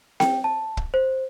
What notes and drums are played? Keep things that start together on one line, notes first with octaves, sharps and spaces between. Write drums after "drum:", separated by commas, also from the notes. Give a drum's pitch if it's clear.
G5, drum: snare C4
A5
drum: kick
C5